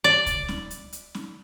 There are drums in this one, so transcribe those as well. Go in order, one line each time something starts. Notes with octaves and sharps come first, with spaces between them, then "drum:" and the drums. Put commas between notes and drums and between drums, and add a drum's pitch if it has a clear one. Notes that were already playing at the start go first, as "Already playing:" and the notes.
D5
drum: kick C#2, hi-hat
drum: snare C#4
drum: hi-hat
drum: hi-hat
drum: snare C#4